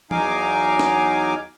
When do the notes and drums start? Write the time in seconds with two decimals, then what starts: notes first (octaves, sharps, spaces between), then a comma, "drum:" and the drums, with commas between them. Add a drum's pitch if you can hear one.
0.11 E2 F#3 D#4 F5 G#5 D6, drum: tom E3
0.79 drum: snare